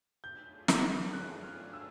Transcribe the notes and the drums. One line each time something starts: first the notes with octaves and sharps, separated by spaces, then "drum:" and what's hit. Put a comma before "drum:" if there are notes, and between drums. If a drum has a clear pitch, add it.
F#3 A3 D4 F4 G#4 G6
drum: snare
F#6
F6
E6